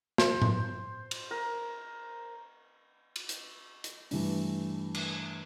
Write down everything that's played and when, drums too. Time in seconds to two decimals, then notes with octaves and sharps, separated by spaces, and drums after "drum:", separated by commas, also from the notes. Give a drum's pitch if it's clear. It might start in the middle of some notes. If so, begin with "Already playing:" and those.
0.18 C5, drum: snare
0.42 drum: tom A2
1.11 drum: cymbal
1.31 A#4
3.16 drum: cymbal
3.29 drum: hi-hat
3.84 drum: hi-hat
4.11 G2 E3 A3, drum: open hi-hat
4.94 drum: cymbal